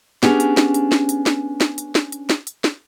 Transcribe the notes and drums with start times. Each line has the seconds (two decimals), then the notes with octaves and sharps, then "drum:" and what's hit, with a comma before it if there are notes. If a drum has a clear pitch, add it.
0.23 B3 C#4 D4 G4 G#4, drum: snare
0.40 drum: hi-hat
0.57 drum: snare
0.74 drum: hi-hat
0.92 drum: snare
1.09 drum: hi-hat
1.26 drum: snare
1.61 drum: snare
1.78 drum: hi-hat
1.95 drum: snare
2.12 drum: hi-hat
2.30 drum: snare
2.47 drum: hi-hat
2.64 drum: snare